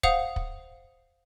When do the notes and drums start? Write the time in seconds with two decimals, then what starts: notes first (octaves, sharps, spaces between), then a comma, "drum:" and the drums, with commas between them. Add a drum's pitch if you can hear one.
0.03 C5 F5 F#5 D#6 F7, drum: kick
0.36 drum: kick